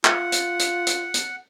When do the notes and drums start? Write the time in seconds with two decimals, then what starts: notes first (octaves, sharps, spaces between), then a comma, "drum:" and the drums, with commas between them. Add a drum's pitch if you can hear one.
0.05 F4 F#5, drum: clap
0.32 drum: hi-hat
0.59 drum: hi-hat
0.87 drum: hi-hat
1.14 drum: hi-hat